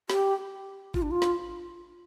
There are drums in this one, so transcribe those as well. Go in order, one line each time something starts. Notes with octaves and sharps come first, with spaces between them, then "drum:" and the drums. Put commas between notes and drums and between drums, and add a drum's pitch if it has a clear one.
G4, drum: snare
F4, drum: kick G1
D4
F4
drum: snare